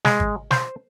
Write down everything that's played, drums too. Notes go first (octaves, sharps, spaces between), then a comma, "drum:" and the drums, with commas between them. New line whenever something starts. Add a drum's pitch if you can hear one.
G#3, drum: snare
drum: kick G#1
C5, drum: snare